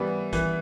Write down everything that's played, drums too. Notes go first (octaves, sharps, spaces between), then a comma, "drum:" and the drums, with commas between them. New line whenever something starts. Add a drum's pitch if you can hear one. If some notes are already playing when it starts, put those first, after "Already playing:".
Already playing: E3 G3 B3
E3, drum: kick, hi-hat